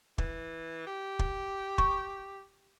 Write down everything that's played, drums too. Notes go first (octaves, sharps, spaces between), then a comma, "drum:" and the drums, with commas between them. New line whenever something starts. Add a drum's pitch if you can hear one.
E3, drum: kick
G4
drum: kick
C#6, drum: kick